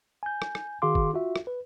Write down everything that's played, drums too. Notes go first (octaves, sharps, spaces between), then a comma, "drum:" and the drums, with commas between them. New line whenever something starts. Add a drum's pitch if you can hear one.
G#5 G6
drum: rim click
drum: rim click
D#3 F#4 G#4 F5 C6 D6
drum: kick G1
F4 F#4 E5
drum: rim click
B4